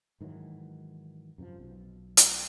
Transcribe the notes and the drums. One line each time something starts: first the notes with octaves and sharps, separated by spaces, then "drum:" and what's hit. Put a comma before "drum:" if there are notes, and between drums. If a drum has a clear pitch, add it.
G#2 D#3 E3 F#3
F#2 C3 D#3 F3
B1 B2
drum: hi-hat